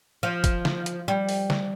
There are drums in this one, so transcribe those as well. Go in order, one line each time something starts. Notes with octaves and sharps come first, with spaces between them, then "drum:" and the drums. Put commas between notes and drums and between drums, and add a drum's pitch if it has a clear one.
F3
drum: kick G1, hi-hat
drum: snare
drum: hi-hat
G3
drum: open hi-hat
drum: snare